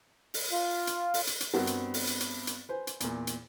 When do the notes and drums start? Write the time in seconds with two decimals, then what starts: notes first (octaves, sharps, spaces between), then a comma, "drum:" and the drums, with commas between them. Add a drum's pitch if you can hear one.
0.34 drum: open hi-hat
0.52 F4
0.87 drum: hi-hat
1.14 drum: open hi-hat
1.27 drum: hi-hat
1.40 drum: hi-hat
1.53 G2 B3 C4 F#4 A#4
1.67 drum: hi-hat
1.94 drum: open hi-hat
2.07 drum: hi-hat
2.20 drum: hi-hat
2.47 drum: hi-hat
2.69 B4 C5 G#5
2.87 drum: hi-hat
3.00 E2 A#2, drum: hi-hat
3.27 drum: hi-hat